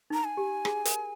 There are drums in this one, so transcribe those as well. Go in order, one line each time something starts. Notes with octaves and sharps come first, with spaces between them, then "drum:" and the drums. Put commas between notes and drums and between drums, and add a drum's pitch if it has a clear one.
D#4 A#5
G#5
G4
G#4, drum: rim click
A#4, drum: hi-hat